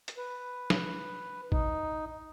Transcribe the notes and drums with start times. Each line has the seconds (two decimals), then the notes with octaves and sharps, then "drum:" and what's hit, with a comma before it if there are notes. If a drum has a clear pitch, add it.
0.08 drum: hi-hat
0.18 B4
0.70 drum: snare
1.52 D#4, drum: kick A1